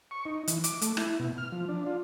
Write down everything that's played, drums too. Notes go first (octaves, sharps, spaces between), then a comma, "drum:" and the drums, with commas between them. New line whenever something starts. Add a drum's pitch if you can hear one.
C#6
D#4
E3, drum: hi-hat
D6, drum: hi-hat
A3, drum: hi-hat
E4, drum: rim click
B2
F6
F3
D4
F4